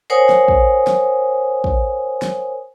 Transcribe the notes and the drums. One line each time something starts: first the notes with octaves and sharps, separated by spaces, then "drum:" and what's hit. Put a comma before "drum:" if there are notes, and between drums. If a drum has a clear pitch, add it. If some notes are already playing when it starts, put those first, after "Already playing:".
A#4 C5 C#5 F#5 G#5 D#6
drum: snare
drum: kick
drum: snare
drum: kick
drum: snare